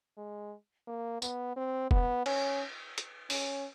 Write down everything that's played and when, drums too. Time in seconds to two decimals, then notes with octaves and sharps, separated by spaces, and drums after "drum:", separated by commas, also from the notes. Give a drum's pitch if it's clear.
0.18 G#3
0.88 A#3
1.22 B3, drum: tambourine
1.56 C4
1.91 B3, drum: kick
2.26 C#4, drum: cymbal
2.98 drum: hi-hat
3.30 C#4, drum: open hi-hat